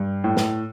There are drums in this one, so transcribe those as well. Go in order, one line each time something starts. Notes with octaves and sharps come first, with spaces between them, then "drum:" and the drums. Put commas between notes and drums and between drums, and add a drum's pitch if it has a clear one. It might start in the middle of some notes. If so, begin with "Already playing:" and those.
Already playing: G2
A2
drum: snare